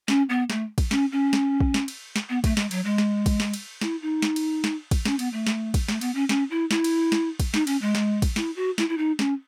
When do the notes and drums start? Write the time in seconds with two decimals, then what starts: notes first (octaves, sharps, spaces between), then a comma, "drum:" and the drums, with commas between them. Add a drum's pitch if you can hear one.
0.08 C#4, drum: snare
0.29 B3
0.50 A3, drum: snare
0.78 drum: kick, cymbal
0.91 C#4, drum: snare
1.12 C#4
1.33 drum: snare
1.60 drum: kick
1.74 drum: snare
1.88 drum: cymbal
2.16 drum: snare
2.29 B3
2.44 A3, drum: kick, cymbal
2.57 G#3, drum: snare
2.71 F#3, drum: cymbal
2.85 G#3
2.98 drum: snare
3.26 drum: kick, cymbal
3.40 drum: snare
3.53 drum: cymbal
3.81 E4, drum: snare
4.02 D#4
4.22 drum: snare
4.36 drum: cymbal
4.64 drum: snare
4.91 drum: kick, cymbal
5.05 C#4, drum: snare
5.19 B3, drum: cymbal
5.33 A3
5.47 drum: snare
5.74 drum: kick, cymbal
5.88 A3, drum: snare
6.01 B3, drum: cymbal
6.15 C#4
6.29 C#4, drum: snare
6.51 E4
6.71 E4, drum: snare
6.84 drum: cymbal
7.12 drum: snare
7.40 drum: kick, cymbal
7.54 D#4, drum: snare
7.67 C#4, drum: cymbal
7.82 G#3
7.95 drum: snare
8.22 drum: kick, cymbal
8.36 E4, drum: snare
8.56 F#4
8.78 E4, drum: snare
8.89 E4
8.98 D#4
9.19 C#4, drum: snare